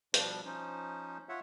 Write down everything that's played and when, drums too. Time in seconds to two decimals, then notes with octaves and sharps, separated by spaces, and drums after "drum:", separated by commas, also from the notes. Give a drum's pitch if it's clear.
0.14 B2 F3 G3 D4, drum: hi-hat
0.45 F3 C#4 D#4 C5
1.29 F4 C#5 E5 F#5